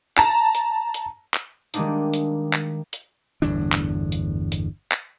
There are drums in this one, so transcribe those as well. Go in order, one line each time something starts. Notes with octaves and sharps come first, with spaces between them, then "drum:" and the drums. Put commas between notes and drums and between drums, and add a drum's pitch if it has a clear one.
A5 A#5, drum: clap
drum: hi-hat
drum: hi-hat
drum: clap
D#3 G3 G#3 A#3 D4 D#4, drum: hi-hat
drum: hi-hat
drum: clap
drum: hi-hat
G1 E2 A2 D4
drum: clap
drum: hi-hat
drum: hi-hat
drum: clap